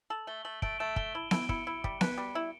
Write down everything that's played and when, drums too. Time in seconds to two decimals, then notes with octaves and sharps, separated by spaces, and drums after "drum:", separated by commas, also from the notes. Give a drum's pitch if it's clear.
0.10 A4 F#7
0.27 A3 G7
0.45 A3 F#7
0.62 A3 D7, drum: kick
0.79 A3 E7
0.96 A4 G7, drum: kick
1.14 E4 F#7
1.31 E4 D7, drum: snare B3
1.49 E4 C#7, drum: kick
1.67 E4
1.84 G3, drum: kick
2.01 B4, drum: snare B3
2.18 G3
2.35 E4